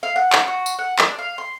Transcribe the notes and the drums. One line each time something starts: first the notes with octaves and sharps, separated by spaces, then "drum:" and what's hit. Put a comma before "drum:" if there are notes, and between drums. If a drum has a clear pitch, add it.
F5
F#5
drum: clap
F#4
drum: tambourine
F#5
D4, drum: clap
F5
C6